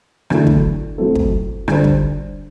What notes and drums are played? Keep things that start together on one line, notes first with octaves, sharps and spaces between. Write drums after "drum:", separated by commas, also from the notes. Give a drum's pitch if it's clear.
E2 D3 F#3 A3 E4, drum: rim click
drum: kick
F#3 A3 C4 E4 A4
drum: kick
D3 G3 D4 A4 C5, drum: rim click
drum: kick